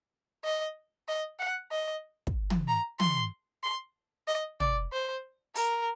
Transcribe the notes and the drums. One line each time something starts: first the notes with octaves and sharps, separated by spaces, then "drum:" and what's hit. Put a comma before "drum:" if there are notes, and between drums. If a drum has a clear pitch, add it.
D#5
D#5
F#5
D#5
drum: kick
drum: tom
A#5
C6, drum: tom
C6
D#5
D5, drum: tom
C5
A#4, drum: open hi-hat